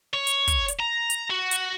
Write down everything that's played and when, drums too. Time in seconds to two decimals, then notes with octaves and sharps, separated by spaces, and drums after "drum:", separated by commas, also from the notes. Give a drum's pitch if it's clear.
0.14 C#5
0.27 drum: hi-hat
0.48 drum: kick, hi-hat
0.68 drum: hi-hat
0.80 A#5
1.10 drum: hi-hat
1.30 F#4
1.51 drum: hi-hat